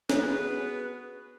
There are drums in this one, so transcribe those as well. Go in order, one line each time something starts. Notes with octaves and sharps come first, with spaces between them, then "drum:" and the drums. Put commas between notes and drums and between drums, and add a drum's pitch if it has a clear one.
B3 F#4 G#4 B4, drum: snare